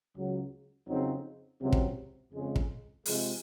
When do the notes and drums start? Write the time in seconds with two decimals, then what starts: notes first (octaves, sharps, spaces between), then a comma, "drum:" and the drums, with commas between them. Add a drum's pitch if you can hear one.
0.15 C#2 C#3 F#3
0.87 F2 C#3 F#3 C4 D#4
1.60 C#2 C3 F#3 C4
1.73 drum: kick
2.33 F2 C#3 G#3
2.56 drum: kick
3.05 C3 F3 G#3, drum: open hi-hat